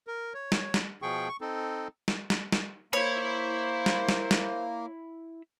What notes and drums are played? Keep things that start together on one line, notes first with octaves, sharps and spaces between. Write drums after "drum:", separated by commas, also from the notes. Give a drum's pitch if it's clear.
A#4
C#5
drum: snare
drum: snare
B2 F3 G#4 G5 C#6
C#6
C4 D#4 A4
drum: snare
drum: snare
drum: snare
A#3 E4 C5 C#5 B5
drum: snare
drum: snare
drum: snare